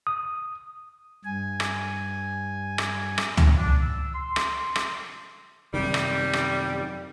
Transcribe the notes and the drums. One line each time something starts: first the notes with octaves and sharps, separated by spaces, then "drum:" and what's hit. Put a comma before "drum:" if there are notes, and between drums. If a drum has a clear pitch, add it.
D#6
G2 G#5
drum: rim click
drum: rim click
drum: rim click
drum: tom C#2
D4
E6
C6
drum: rim click
drum: rim click
F#2 C3 D#3 G3
drum: rim click
drum: rim click